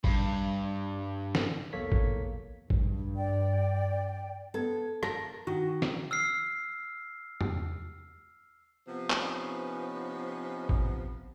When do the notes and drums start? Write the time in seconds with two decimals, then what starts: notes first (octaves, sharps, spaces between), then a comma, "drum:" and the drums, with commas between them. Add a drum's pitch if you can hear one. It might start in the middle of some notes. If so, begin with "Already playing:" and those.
0.04 G2, drum: kick G#1
1.35 drum: snare
1.73 B1 E2 A#3 A4 C#5 B6
1.92 drum: kick G#1
2.70 G2, drum: kick G#1
3.16 D5 G5
4.54 B3 A4 G#6
5.03 A#4 A5 A#6, drum: rim click
5.47 D#3 F#4
5.82 drum: snare
6.11 E6 F6 C7
7.41 drum: tom E2
8.87 C3 F3 B3
9.10 C#4 D#4 B4, drum: clap
10.69 drum: kick G#1